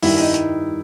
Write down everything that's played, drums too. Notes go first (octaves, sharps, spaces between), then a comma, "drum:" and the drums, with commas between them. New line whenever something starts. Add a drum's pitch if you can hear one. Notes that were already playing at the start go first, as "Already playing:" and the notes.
G2 D#3 G3 E4, drum: open hi-hat
D#4
drum: hi-hat